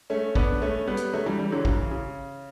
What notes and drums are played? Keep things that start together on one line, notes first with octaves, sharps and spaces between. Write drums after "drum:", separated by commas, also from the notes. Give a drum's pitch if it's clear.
A3 C#4
B3 D4, drum: kick
A3 C#4
G3 B3
drum: hi-hat
F#3 A3
E3 G3
E3 G3
D3 F#3
C#3 E3, drum: kick
C#3